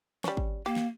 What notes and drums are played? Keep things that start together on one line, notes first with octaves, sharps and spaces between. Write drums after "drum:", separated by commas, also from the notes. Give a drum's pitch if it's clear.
G3 C#4, drum: snare
drum: kick G#1
A#3 G4
drum: snare